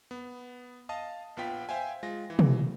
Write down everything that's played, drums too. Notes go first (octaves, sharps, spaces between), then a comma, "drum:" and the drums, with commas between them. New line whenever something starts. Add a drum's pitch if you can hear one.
B3
D#5 F5 A5 D#6
A#1 B3 F4 G5 B6
C5 E5 F5 G5 G#5
G#3 F4 A#6
E3
drum: tom